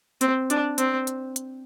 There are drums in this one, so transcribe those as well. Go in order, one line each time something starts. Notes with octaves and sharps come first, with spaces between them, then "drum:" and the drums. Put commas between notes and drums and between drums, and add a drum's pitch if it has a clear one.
C4, drum: hi-hat
D4, drum: hi-hat
C4, drum: hi-hat
drum: hi-hat
drum: hi-hat